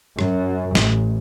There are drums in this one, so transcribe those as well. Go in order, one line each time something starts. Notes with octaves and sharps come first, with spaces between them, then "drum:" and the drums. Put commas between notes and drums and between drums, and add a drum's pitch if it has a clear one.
F#2, drum: rim click
A1, drum: snare